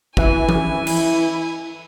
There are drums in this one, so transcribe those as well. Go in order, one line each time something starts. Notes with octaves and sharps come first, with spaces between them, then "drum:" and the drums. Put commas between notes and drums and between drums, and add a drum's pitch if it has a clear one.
E3 E4 G#5, drum: kick
drum: tom E3
drum: cymbal